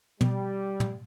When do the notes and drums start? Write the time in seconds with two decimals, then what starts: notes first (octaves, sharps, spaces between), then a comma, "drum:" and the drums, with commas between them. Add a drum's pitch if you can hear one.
0.21 B2 G3, drum: tom
0.80 drum: tom